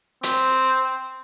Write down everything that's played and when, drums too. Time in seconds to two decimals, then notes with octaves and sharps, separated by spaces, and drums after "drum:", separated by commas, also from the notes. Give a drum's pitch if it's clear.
0.23 C4, drum: hi-hat